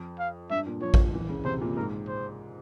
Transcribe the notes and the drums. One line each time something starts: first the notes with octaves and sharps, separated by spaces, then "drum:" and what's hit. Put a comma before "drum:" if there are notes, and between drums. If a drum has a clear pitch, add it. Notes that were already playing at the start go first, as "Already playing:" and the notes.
Already playing: F2
F5
G2 E5
A#2
F3 C#5
drum: kick A1
E3
C#3
C3 C5
A#2
G#2 A#4
C5